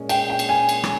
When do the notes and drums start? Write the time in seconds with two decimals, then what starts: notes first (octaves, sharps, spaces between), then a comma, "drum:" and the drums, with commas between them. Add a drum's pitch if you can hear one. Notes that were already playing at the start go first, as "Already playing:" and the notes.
Already playing: A#2 G#3 C#4
0.09 G5, drum: cymbal
0.30 G5
0.39 drum: cymbal
0.49 G#5
0.69 drum: cymbal
0.84 drum: rim click